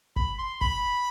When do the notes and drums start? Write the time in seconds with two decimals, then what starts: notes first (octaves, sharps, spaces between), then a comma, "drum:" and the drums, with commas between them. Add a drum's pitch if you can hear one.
0.16 B5, drum: kick G1
0.38 C6
0.61 B5, drum: kick G1